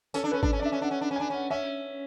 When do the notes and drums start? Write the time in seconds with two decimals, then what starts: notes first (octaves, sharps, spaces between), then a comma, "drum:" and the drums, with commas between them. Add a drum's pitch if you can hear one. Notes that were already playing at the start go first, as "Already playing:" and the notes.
0.14 C#4 A4, drum: tambourine
0.24 D4
0.31 C#4 B4
0.43 D4, drum: kick
0.53 C#4
0.59 D5
0.62 D4 E5
0.72 C#4
0.82 D4 F#5
0.91 C#4
1.01 D4
1.11 C#4
1.16 D4 G#5
1.30 C#4 F#5
1.50 C#4 E5